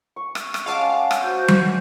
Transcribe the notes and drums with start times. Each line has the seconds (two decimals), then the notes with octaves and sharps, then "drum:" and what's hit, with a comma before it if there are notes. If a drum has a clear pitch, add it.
0.16 C#6
0.35 drum: rim click
0.54 drum: rim click
0.66 G#3 C#4 F5 F#5 A5 D6
1.11 drum: rim click
1.22 F#4 C5 G6
1.48 drum: tom F#3